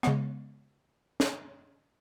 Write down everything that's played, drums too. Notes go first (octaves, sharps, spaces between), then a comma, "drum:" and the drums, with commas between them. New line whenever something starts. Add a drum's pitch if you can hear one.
C#3 G#3 B3, drum: rim click
drum: snare